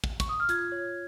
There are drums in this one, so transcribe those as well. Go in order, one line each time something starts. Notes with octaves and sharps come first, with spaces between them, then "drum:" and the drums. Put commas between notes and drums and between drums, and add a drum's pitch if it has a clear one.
drum: kick
C#6, drum: kick, hi-hat
D#6
F6
F4 G#6, drum: hi-hat
C#5